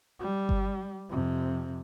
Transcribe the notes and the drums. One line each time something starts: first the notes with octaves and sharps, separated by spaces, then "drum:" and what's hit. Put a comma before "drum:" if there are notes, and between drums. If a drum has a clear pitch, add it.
G3
drum: kick G1
F2 C3